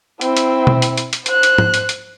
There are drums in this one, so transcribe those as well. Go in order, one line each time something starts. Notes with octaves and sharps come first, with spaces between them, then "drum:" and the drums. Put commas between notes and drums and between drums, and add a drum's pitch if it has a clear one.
C4 E4, drum: hi-hat
drum: hi-hat
drum: tom
drum: hi-hat
drum: hi-hat
drum: hi-hat
C5 F#6, drum: hi-hat
drum: hi-hat
drum: tom
drum: hi-hat
drum: hi-hat